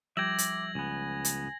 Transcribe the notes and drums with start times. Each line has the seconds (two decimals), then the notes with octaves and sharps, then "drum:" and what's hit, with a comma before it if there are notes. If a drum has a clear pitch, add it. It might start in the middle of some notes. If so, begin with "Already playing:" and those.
0.17 F3 G3 E5 G5 D6 G#6 A#6 F#7
0.38 drum: hi-hat
0.75 C#2 B3 G#5
1.25 drum: hi-hat